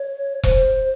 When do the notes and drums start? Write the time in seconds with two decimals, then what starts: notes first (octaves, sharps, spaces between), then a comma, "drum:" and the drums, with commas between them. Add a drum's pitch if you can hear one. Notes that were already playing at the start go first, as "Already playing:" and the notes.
Already playing: C#5
0.43 C5, drum: kick E1